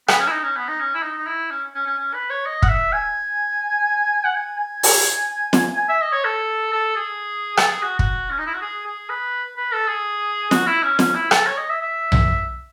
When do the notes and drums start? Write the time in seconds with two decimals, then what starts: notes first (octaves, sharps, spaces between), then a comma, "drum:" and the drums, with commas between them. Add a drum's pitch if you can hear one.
0.08 B3, drum: rim click
0.20 C#4
0.27 E4
0.32 D#4
0.43 C#4
0.56 B3
0.68 D#4
0.80 C#4
0.94 E4
1.03 D#4
1.18 D#4
1.27 E4
1.51 C#4
1.75 C#4
1.87 C#4
1.98 C#4
2.14 B4
2.30 C#5
2.46 D#5
2.62 F#5, drum: kick
2.68 E5
2.93 G#5
4.24 F#5
4.35 G#5
4.58 G#5
4.83 drum: open hi-hat
5.53 drum: snare
5.77 G#5
5.89 E5
6.01 D#5
6.12 C#5
6.24 A4
6.72 A4
6.96 G#4
7.57 A4, drum: rim click
7.67 G#4
7.83 F#4
7.99 F#4, drum: kick
8.30 C#4
8.38 D#4
8.46 E4
8.54 F#4
8.61 G#4
8.86 G#4
9.09 B4
9.57 B4
9.72 A4
9.88 G#4
10.51 F#4, drum: snare
10.67 E4
10.83 C#4
10.99 C#4, drum: snare
11.15 E4
11.31 A4, drum: rim click
11.46 C#5
11.58 D#5
11.69 E5
11.82 E5
12.12 drum: tom B1